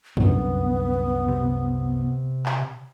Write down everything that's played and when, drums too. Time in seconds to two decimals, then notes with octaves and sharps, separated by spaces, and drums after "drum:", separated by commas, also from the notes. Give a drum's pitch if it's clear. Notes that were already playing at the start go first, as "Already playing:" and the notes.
0.17 C2 F#2 D3 B3, drum: tom F2
1.28 C3
2.46 drum: clap